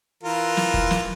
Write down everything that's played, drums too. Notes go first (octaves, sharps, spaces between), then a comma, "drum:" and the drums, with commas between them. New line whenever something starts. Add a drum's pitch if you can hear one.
E3 F4 A#4
drum: snare
drum: kick
drum: snare